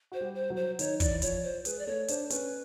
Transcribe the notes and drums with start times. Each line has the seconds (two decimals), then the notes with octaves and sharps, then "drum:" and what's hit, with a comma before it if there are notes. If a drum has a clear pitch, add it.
0.12 F#4 C5
0.21 G3 G4
0.35 C5
0.50 F#3 F#4
0.56 C5
0.79 D#3 D#4 C#5, drum: hi-hat
1.00 E3 E4 D5, drum: kick, hi-hat
1.22 F3 F4 C#5, drum: hi-hat
1.44 C5
1.65 G#3 G#4 B4, drum: hi-hat
1.79 D5
1.87 A3 A4 C#5
2.08 D4 C5 D5, drum: hi-hat
2.30 C#4 B4 C#5, drum: hi-hat